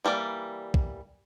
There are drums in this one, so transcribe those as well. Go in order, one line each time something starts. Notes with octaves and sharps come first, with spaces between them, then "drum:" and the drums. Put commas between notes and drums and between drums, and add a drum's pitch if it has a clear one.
E3 G3 A#3 D5
drum: kick